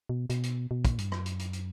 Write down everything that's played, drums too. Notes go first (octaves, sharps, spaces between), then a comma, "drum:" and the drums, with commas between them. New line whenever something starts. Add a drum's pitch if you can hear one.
B2
B2, drum: hi-hat
drum: hi-hat
B2
A#2, drum: kick, hi-hat
G2, drum: hi-hat
F#2, drum: rim click
drum: hi-hat
drum: hi-hat
drum: hi-hat